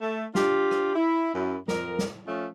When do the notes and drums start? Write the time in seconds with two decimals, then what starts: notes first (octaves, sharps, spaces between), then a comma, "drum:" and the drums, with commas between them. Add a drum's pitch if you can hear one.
0.01 A3
0.35 D4 F4 G4, drum: snare
0.71 drum: rim click
0.96 E4
1.34 F#2 E4
1.68 F2 A#4, drum: snare
1.99 drum: snare
2.27 F3 A3 C#4